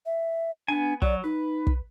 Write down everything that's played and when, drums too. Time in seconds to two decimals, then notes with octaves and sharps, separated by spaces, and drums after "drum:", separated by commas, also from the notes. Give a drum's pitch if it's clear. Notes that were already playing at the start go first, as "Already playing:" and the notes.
0.06 E5
0.68 B3 D4 G#5
1.02 F#3 D5, drum: kick
1.24 D#4 B4
1.67 drum: kick